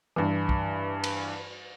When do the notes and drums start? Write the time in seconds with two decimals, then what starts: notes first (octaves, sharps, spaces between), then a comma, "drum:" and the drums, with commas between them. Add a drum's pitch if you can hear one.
0.16 G2 E3
0.49 drum: kick
1.04 drum: cymbal